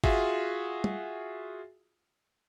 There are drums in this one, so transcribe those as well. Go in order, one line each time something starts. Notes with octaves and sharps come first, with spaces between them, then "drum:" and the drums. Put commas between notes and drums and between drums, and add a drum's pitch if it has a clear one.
F4 F#4 G#4 E5, drum: kick
drum: tom